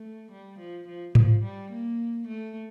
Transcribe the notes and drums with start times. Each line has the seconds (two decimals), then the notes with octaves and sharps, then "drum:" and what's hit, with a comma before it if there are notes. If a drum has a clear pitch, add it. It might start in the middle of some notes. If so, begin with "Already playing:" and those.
Already playing: A3
0.32 G3
0.59 F3
0.88 F3
1.15 F3, drum: tom G#2
1.43 G3
1.71 A#3
2.28 A3